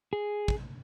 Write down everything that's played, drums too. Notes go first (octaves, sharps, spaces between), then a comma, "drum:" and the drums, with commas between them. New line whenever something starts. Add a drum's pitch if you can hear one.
G#4
drum: kick